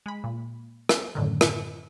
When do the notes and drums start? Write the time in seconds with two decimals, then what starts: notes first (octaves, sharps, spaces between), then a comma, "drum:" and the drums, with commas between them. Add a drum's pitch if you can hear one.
0.06 G#3 B5
0.24 A#2
0.89 drum: rim click
1.15 F#2 A2 D3 D#3
1.41 drum: rim click